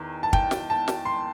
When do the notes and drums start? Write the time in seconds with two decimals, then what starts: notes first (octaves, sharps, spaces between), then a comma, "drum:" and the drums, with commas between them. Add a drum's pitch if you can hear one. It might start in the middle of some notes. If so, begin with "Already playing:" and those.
Already playing: E2 D#3
0.23 A5
0.33 G5, drum: kick
0.51 drum: snare
0.70 A5
0.88 drum: snare
1.05 C6